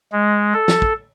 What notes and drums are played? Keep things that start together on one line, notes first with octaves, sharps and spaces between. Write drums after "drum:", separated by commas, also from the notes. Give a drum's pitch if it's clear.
G#3
A4
drum: snare
drum: kick